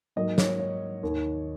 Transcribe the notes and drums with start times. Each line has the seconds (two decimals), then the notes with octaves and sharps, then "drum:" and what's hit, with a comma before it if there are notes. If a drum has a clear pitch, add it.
0.16 G#2 F#3 A#3 D#5
0.38 C#5, drum: snare
0.59 C#5
1.03 D#2 D#3 A#3